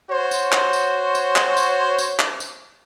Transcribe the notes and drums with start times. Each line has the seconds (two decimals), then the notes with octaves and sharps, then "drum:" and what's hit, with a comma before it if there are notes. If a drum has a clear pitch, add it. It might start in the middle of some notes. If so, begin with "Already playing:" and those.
0.10 F#4 C5 C#5
0.31 drum: tambourine
0.52 drum: clap
0.73 drum: tambourine
1.15 drum: tambourine
1.36 drum: clap
1.57 drum: tambourine
1.98 drum: tambourine
2.19 drum: clap
2.40 drum: tambourine